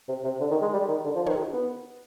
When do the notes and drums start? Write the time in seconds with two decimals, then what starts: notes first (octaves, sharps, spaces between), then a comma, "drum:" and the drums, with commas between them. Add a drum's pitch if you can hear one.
0.09 C3
0.24 C3
0.41 D3
0.51 D#3
0.62 G#3
0.73 G3
0.88 D#3
1.05 D3
1.16 F3
1.26 D#3, drum: tom
1.37 D#3
1.53 B3